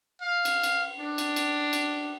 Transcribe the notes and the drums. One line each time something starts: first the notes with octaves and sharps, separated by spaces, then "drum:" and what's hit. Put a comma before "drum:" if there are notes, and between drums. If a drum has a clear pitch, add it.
F5
drum: cymbal
drum: cymbal
D4
drum: cymbal
drum: cymbal
drum: cymbal